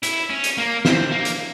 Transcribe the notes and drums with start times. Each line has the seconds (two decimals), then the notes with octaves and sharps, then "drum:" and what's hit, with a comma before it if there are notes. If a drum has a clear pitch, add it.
0.03 E4, drum: hi-hat
0.30 C#4
0.44 drum: hi-hat
0.58 A#3
0.85 C4, drum: snare
1.11 A#3
1.25 drum: hi-hat